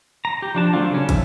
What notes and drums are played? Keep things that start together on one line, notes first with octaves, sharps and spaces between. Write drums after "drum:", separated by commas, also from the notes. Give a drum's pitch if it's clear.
A#5
G4
F3 D4 A5
F#3 A3 C4 D4 F4
C#3 C#4
E5, drum: kick, hi-hat